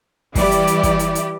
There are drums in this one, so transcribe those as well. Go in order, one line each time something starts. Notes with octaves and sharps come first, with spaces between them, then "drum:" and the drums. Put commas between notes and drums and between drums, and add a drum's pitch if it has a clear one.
E3 G3 E4 G4 D5, drum: kick, open hi-hat
drum: hi-hat
drum: hi-hat
drum: kick, hi-hat
drum: hi-hat
drum: hi-hat